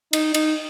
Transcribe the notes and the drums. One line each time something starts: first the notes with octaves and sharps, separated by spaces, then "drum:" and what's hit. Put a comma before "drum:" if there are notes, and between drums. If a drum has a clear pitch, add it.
D#4, drum: cymbal
D#4, drum: cymbal